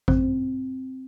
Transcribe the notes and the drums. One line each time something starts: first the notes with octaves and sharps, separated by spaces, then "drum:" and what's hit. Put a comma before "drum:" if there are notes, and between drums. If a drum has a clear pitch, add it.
C4, drum: kick A1